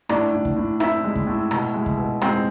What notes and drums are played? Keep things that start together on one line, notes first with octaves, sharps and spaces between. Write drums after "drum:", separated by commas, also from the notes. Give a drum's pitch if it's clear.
A2 D4, drum: rim click
A2
drum: kick
A2
C4 E4, drum: rim click
G#3
drum: kick
A2
B2, drum: rim click
G#3
drum: kick
B2
G#3 C4, drum: rim click